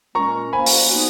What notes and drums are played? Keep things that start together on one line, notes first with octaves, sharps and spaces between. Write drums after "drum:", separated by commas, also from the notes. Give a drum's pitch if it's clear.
A#2 G#3 C#4 A#5 C#6
F3 A#3 C#4 G#5 B5
drum: open hi-hat
F3 B3 D#4 F#4